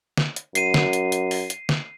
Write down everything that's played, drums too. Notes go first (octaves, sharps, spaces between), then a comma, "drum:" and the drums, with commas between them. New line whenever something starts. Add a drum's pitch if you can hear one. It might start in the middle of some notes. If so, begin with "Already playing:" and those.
drum: snare
drum: hi-hat
F#2 C7 D#7, drum: hi-hat
drum: snare
drum: hi-hat
drum: hi-hat
drum: open hi-hat
drum: hi-hat
drum: snare